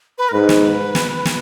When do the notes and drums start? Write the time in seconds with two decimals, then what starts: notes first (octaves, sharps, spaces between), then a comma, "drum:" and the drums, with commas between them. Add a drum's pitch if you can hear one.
0.18 B4
0.29 A#4
0.33 G#2 B4
0.49 drum: snare
0.95 drum: snare
1.25 drum: snare